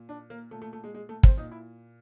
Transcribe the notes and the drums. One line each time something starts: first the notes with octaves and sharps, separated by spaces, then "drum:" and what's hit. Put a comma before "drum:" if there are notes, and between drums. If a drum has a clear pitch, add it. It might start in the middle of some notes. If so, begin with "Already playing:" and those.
Already playing: A#2
D4
A#3
A#2 A3
A3
A3
G#3
G#3
A3
C4, drum: kick
A#2 D#4
E4